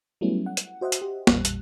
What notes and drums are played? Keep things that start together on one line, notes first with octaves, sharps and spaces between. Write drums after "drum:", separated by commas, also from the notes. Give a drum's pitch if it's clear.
F#3 G3 A3 B3 C#4 E4
F#5
drum: hi-hat
F#4 C5 D#5 E5 F#5
drum: hi-hat
G4
A1 E2 A#2 G3 F#6, drum: snare
drum: hi-hat